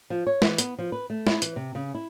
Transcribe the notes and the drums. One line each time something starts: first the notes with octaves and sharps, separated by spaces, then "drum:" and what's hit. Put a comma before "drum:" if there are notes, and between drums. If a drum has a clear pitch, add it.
F3
C#5
E3, drum: snare
B3, drum: hi-hat
F3
B4
A3
E4, drum: snare
E3, drum: hi-hat
C3
C#3
E4